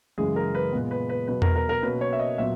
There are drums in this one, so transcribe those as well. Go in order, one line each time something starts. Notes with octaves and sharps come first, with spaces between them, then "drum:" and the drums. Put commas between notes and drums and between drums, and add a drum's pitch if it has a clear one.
F#2 C#3 E3 G#3 G#4
A#4
B4
A#2 G#3 B3
B4
B4
B2 F#3 B3 B4
A#4, drum: tom E2
A#4
A#4
B2 A#3 C#4 B4
C#5
E5
D#5
A#2 F#3 B3 E5